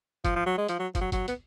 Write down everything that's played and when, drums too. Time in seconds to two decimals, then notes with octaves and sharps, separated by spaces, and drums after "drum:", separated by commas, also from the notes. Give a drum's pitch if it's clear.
0.25 F3, drum: kick, hi-hat
0.36 F3
0.46 F#3
0.58 G#3
0.69 F3, drum: hi-hat
0.79 F#3
0.95 F3, drum: kick, hi-hat
1.01 F#3
1.12 F#3, drum: kick, hi-hat
1.28 B3, drum: hi-hat